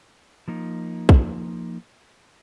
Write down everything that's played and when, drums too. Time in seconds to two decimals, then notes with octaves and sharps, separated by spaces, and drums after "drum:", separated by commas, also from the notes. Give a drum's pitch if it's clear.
0.48 F3 A#3 D#4
1.09 drum: kick